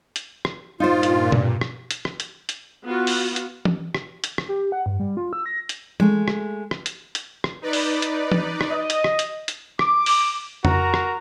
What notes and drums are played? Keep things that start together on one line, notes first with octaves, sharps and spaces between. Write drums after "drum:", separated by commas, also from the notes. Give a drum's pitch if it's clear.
drum: hi-hat
drum: rim click
G2 A#2 D#4 F4 C5
drum: hi-hat
drum: tom B2
drum: rim click
drum: hi-hat
drum: rim click
drum: hi-hat
drum: hi-hat
B3 F4 F#4
drum: open hi-hat
drum: hi-hat
drum: tom E3
drum: rim click
drum: hi-hat
drum: rim click
G4
F#5
G2
G3
F4
E6
A#6
drum: hi-hat
G#3 A3, drum: tom E3
drum: rim click
drum: rim click
drum: hi-hat
drum: hi-hat
drum: rim click
D#4 B4 D5
drum: open hi-hat
drum: hi-hat
drum: tom E3
drum: rim click
D#5
drum: hi-hat
drum: rim click
drum: hi-hat
drum: hi-hat
D6, drum: rim click
drum: open hi-hat
F#4 A#4 A#5, drum: tom F2
drum: rim click